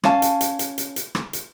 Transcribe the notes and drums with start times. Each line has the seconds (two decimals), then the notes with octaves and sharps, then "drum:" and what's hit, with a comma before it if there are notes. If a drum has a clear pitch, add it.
0.04 C#4 F5 A5, drum: rim click
0.22 drum: hi-hat
0.41 drum: hi-hat
0.59 drum: hi-hat
0.78 drum: hi-hat
0.96 drum: hi-hat
1.15 drum: rim click
1.33 drum: hi-hat